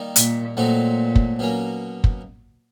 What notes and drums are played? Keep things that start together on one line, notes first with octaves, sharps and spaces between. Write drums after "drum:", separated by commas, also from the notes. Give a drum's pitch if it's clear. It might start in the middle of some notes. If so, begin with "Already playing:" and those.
Already playing: D#3 G3 A#3 D#4
A#2, drum: hi-hat
A#2 F#3 A3 C4 D#4 F#4
drum: kick
B2 F#3 A#3 C#4
drum: kick